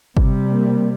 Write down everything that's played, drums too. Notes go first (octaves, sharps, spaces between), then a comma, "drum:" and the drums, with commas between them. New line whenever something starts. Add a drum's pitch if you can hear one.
C3 G3, drum: kick G1
A#3